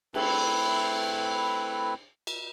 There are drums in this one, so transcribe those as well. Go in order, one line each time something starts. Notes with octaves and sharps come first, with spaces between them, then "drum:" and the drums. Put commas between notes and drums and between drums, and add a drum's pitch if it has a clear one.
A3 C4 E4 B4, drum: cymbal
drum: cymbal